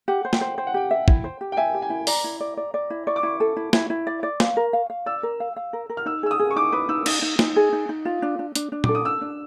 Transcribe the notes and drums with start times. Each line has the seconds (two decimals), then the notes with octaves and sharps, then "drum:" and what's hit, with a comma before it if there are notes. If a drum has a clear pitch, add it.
0.08 G4 F#5
0.25 C5
0.33 G5, drum: snare
0.41 C5
0.58 C5 G5
0.67 F#5
0.74 G4 G5
0.91 E5
1.08 E4, drum: kick
1.24 C5
1.41 G4
1.52 G5
1.57 E5 G#5
1.74 G4
1.82 G#5
1.90 E4
2.07 D5 A#5, drum: open hi-hat
2.24 E4
2.40 D5
2.57 D5
2.74 D5
2.90 E4
3.07 D5 C#6
3.16 D6
3.23 E4 C#6
3.40 A4
3.57 E4
3.73 E4, drum: snare
3.90 E4
4.07 D5
4.23 D5
4.40 F5, drum: snare
4.57 A#4
4.73 F5
4.90 F5
5.06 D5 E6
5.23 A#4
5.40 F5
5.56 F5
5.73 A#4
5.90 A#4
5.97 F6
6.06 D#4 E6
6.23 G#4 E6
6.31 D#6
6.39 G#4
6.51 C#6
6.56 D#4 D6
6.72 B4 D#6
6.89 D#4 E6
7.06 D#4 D#6, drum: cymbal
7.22 D#4
7.39 D#4, drum: snare
7.56 G#4
7.73 D#4
7.89 D#4
8.05 F4
8.22 D4
8.39 D4
8.55 D4, drum: hi-hat
8.72 D4
8.84 A4 D6, drum: tom A#2
8.95 D#6
9.05 D4 E6
9.21 D4